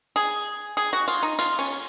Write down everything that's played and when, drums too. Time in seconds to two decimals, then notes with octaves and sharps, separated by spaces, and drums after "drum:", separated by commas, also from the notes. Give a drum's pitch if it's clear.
0.16 G#4
0.77 G#4
0.93 F#4
1.08 F4
1.23 D#4
1.39 F4, drum: hi-hat
1.59 C#4, drum: open hi-hat